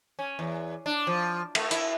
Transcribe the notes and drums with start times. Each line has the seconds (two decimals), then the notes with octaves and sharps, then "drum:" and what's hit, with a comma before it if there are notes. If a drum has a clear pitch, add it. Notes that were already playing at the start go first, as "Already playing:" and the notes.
0.19 C#4
0.39 E2
0.86 D4
1.07 F3
1.55 A3, drum: cymbal
1.71 E4, drum: hi-hat